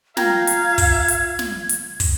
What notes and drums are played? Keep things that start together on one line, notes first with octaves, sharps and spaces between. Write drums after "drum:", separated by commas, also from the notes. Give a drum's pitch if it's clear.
F4 A#4 F5 G5 A#5 G#6, drum: snare
drum: hi-hat
drum: kick, open hi-hat
drum: hi-hat
drum: snare
drum: hi-hat
drum: kick, open hi-hat